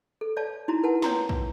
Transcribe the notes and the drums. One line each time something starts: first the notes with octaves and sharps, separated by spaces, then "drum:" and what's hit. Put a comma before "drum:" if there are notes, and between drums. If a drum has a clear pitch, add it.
A4
C#5 D5 F5 A5
D#4 E4 F#4 A#5
A#4 B4 F#5 A5
C#5 G5 A#5 C6, drum: snare
drum: kick